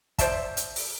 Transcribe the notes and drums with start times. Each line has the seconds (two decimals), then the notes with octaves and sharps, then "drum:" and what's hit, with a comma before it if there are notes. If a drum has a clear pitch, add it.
0.18 C5 D5 E5 A5, drum: kick, hi-hat
0.57 drum: hi-hat
0.76 drum: open hi-hat